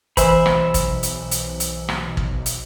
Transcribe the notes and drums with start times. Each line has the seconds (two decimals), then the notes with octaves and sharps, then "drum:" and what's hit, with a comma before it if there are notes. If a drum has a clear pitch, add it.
0.17 B1 E3 C5 E5 B5, drum: kick, hi-hat
0.46 drum: rim click
0.74 drum: kick, hi-hat
1.03 drum: hi-hat
1.31 drum: hi-hat
1.60 drum: hi-hat
1.89 drum: rim click
2.17 drum: kick
2.46 drum: hi-hat